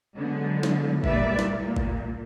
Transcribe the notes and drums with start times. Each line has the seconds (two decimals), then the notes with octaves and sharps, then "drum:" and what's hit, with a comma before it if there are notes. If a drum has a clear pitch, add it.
0.16 D3 F#3 G#3 B3
0.63 drum: snare
1.04 A#2 G3 B4 D5 E5, drum: kick G#1
1.39 A#2, drum: snare
1.76 drum: kick G#1